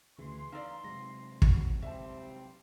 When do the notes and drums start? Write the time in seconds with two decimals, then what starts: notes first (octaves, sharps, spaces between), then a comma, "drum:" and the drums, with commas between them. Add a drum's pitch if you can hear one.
0.19 D2 C#3 E3 C6
0.52 D#4 D5 F5 A#5 E6
0.84 C3 F#3 G#3 A#6
1.42 F#4, drum: kick
1.82 G3 C4 E5 A5